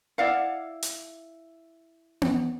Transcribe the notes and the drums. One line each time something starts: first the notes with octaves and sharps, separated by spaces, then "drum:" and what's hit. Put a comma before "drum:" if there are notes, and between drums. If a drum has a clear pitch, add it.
E4 D5 F5 F#5
drum: hi-hat
drum: tom B3